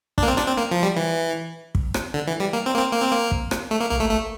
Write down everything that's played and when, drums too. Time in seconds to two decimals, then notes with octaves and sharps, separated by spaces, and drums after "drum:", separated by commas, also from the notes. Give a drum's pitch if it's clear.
0.18 D4, drum: kick
0.23 A#3
0.28 C4
0.38 D4, drum: rim click
0.47 C4
0.58 A#3
0.72 F3
0.83 G3
0.96 E3
1.75 drum: kick
1.94 drum: rim click
2.14 D3
2.27 E3
2.40 G3
2.53 A#3
2.66 C4
2.75 A#3
2.79 C4
2.93 A#3
3.02 C4
3.12 A#3
3.31 drum: kick
3.51 drum: rim click
3.71 A3
3.81 A#3
3.91 A#3, drum: tom
4.00 A3
4.10 A3